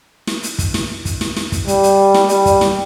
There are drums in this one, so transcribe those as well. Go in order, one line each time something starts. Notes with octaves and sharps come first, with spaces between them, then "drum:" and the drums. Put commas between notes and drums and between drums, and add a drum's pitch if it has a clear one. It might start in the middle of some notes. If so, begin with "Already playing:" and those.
drum: snare
drum: hi-hat
drum: kick, hi-hat
drum: snare
drum: kick, hi-hat
drum: snare
drum: snare
drum: kick, hi-hat
G3, drum: hi-hat
drum: hi-hat
drum: snare
G3, drum: hi-hat
drum: kick, hi-hat
drum: snare